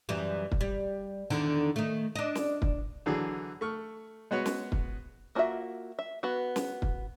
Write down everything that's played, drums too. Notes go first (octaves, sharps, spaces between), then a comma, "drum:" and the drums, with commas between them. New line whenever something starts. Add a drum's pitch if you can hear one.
F#2 E3 G3
drum: kick
G3
E2 D3 D#3
D#3 A3
D4 D#5
drum: snare
drum: kick
D3 E3 F#3 D4 G#4
A3 C#6 F6
G#3 B3 F#4 B4 C#5
drum: snare
drum: kick
A#3 D4 F4 F#4 E5
E5
B3 F#4
drum: snare
drum: kick